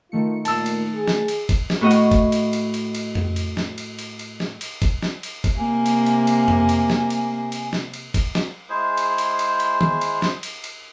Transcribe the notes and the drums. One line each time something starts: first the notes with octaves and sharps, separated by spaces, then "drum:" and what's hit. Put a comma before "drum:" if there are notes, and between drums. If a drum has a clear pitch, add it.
D#3 A3 F4 C#7
A#2 A5 E6, drum: cymbal
drum: cymbal
G#4
drum: snare
drum: cymbal
drum: kick, cymbal
drum: snare
A2 F#4 D#5 F#5
drum: cymbal
drum: kick, cymbal
drum: cymbal
drum: cymbal
drum: cymbal
drum: cymbal
drum: tom F2
drum: cymbal
drum: snare
drum: cymbal
drum: cymbal
drum: cymbal
drum: snare
drum: cymbal
drum: kick, cymbal
drum: snare
drum: cymbal
drum: kick, cymbal
C3 A#3 G#5
drum: cymbal
drum: cymbal
drum: cymbal
drum: tom F2
drum: cymbal
drum: snare
drum: cymbal
drum: cymbal
drum: snare
drum: cymbal
drum: kick, cymbal
drum: snare
G#3 E4 G#4 C5
drum: cymbal
drum: cymbal
drum: cymbal
drum: cymbal
drum: tom D#3
drum: cymbal
drum: snare
drum: cymbal
drum: cymbal